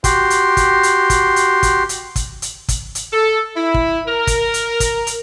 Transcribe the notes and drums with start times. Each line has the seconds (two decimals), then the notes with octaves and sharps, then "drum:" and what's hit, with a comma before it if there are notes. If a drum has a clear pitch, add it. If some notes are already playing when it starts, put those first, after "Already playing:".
0.04 F#4 G4 C6, drum: kick, hi-hat
0.30 drum: hi-hat
0.57 drum: kick, hi-hat
0.83 drum: hi-hat
1.10 drum: kick, hi-hat
1.36 drum: hi-hat
1.63 drum: kick, hi-hat
1.89 drum: hi-hat
2.16 drum: kick, hi-hat
2.42 drum: hi-hat
2.69 drum: kick, hi-hat
2.95 drum: hi-hat
3.13 A4
3.56 E4
3.74 drum: kick
4.07 A#4
4.27 drum: kick, hi-hat
4.54 drum: hi-hat
4.80 drum: kick, hi-hat
5.07 drum: hi-hat